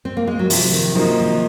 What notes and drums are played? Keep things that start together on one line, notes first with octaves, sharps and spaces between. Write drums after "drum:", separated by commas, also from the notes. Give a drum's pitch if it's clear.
C4
A#3
G#3
F#3
C3 F3, drum: open hi-hat
D#3
F3 F#3 A#3 D#4
D#3